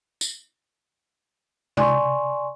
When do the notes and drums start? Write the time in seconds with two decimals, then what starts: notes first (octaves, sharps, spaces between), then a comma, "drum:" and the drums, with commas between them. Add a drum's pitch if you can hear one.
0.21 drum: tambourine
1.77 D5 G#5 C6 C#6, drum: tom C3